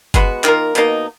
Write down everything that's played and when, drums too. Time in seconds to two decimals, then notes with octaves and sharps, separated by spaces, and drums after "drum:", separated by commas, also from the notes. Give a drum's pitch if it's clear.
0.14 G#3 B3 F#4, drum: kick F#1, hi-hat
0.44 D#3 A#3 F4 A#4, drum: clap
0.75 B2 A#3 D#4, drum: hi-hat